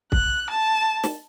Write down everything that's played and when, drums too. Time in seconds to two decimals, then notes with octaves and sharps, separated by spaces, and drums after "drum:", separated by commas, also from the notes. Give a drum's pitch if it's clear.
0.12 F#6, drum: kick
0.50 A5
1.04 drum: snare